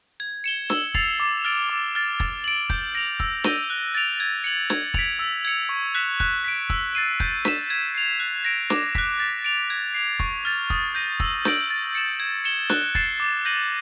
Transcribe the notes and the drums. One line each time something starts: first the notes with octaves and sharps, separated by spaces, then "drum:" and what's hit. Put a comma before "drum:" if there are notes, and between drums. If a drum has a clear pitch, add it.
G#6
C#7 E7 G7
E6, drum: snare
A6 C7 F7, drum: kick
D6
F6 A6 D7
D6
F6 A6
A6, drum: kick
D7 F#7
G6, drum: kick
A#6 D7 F7
E6, drum: kick
G6 A#6 D#7 G7, drum: snare
F#6
A6 D7 F7
G#6
C#7 F#7
G#6, drum: snare
B6 D7 F7, drum: kick
E6
G#6 C#7 F7
C#6
F#6 B6 E7
F#6, drum: kick
B6 D7
E6, drum: kick
A6 C7 D#7
G6, drum: kick
B6 E7, drum: snare
G#6
C7 F7
F#6
A#6 D7
D6, drum: snare
F#6 B6, drum: kick
A6
D7 F7
G#6
C7 F7
C#6, drum: kick
F6 A6
D#6, drum: kick
G6 A#6 D#7
E6, drum: kick
G6 A#6 D7 F#7, drum: snare
A6
C#7 E7
G#6
C#7 E7 G7
F#6, drum: snare
A6 C7 E7, drum: kick
D6
G6 A#6 D#7 F#7